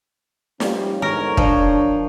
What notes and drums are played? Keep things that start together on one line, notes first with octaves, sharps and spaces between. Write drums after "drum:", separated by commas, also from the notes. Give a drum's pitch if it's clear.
F3 G3 C#4, drum: snare
E2 G#2 D3 A#4 C#5
F3 D4, drum: kick